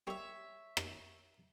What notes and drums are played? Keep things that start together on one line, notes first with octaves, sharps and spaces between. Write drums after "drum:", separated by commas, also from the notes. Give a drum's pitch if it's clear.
G3 A#3 D#4 C#5 E5
drum: rim click